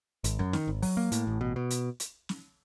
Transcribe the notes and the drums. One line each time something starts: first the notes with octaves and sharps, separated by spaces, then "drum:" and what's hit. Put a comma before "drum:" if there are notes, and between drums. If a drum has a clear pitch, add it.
G#1, drum: hi-hat
F#2
D#3, drum: snare
G#1
F#3, drum: open hi-hat
A#3
A2, drum: hi-hat
A1
B2
B2
drum: hi-hat
drum: hi-hat
drum: snare